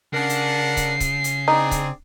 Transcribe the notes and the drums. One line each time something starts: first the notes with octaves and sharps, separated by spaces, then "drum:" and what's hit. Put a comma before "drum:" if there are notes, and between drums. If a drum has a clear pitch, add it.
C#3 D4 A#4 F#5 C7
drum: hi-hat
drum: kick C#1, hi-hat
drum: kick C#1, hi-hat
drum: hi-hat
C4 D4 D#4 G#4
drum: kick C#1, hi-hat